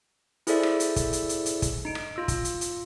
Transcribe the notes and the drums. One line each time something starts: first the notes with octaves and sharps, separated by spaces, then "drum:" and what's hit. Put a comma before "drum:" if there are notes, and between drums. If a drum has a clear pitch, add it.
E4 G#4 A4 C5 D5 E5, drum: hi-hat
drum: rim click
drum: hi-hat
drum: kick, hi-hat
drum: hi-hat
drum: hi-hat
drum: hi-hat
drum: kick, hi-hat
D#4 D7
drum: rim click
F4 E6
drum: kick, hi-hat
drum: hi-hat
drum: hi-hat